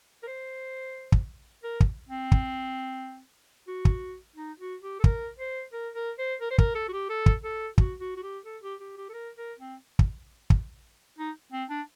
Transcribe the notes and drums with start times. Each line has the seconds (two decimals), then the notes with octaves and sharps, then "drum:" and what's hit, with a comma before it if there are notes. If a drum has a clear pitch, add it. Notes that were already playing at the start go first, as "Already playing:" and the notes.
0.23 A#4
0.27 C5
1.12 drum: kick
1.63 A#4
1.80 drum: kick
2.09 C4
2.32 drum: kick
3.68 F#4
3.85 drum: kick
4.36 D#4
4.60 F#4
4.81 G4
5.00 A4
5.04 A#4, drum: kick
5.39 C5
5.73 A#4
5.95 A#4
6.18 C5
6.41 A#4
6.50 C5
6.58 A#4, drum: kick
6.75 A4
6.88 F#4
6.92 G4
7.09 A4
7.26 drum: kick
7.44 A4
7.78 F#4, drum: kick
8.00 F#4
8.16 F#4
8.23 G4
8.46 A4
8.63 G4
8.80 G4
8.97 G4
9.09 A4
9.13 A#4
9.37 A#4
9.59 C4
9.99 drum: kick
10.50 drum: kick
11.19 D#4
11.52 C4
11.69 D4